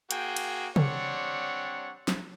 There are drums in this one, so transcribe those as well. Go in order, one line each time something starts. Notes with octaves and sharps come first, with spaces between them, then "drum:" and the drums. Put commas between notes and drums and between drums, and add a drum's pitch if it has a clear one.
A#3 F#4 G#4 G5, drum: hi-hat
drum: cymbal
G3 C4 D4 C#5 F#5, drum: tom C3
drum: snare